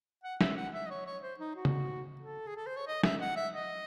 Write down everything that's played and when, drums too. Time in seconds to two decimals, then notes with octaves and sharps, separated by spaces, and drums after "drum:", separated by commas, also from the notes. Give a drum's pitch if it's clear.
0.23 F#5
0.41 E5, drum: snare
0.56 F#5
0.73 E5
0.86 D#5
0.90 C#5
1.06 C#5
1.22 C5
1.39 D#4
1.56 F#4
1.65 drum: tom
2.21 A4
2.46 G#4
2.56 A4
2.66 C5
2.77 C#5
2.87 D#5
3.03 E5, drum: snare
3.20 F#5
3.36 E5
3.53 D#5